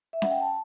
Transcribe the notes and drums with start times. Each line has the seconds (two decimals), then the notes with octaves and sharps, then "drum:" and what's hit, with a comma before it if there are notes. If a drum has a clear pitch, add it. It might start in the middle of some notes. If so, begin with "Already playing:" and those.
0.13 E5
0.22 F#5, drum: snare C#4
0.31 G5
0.41 A5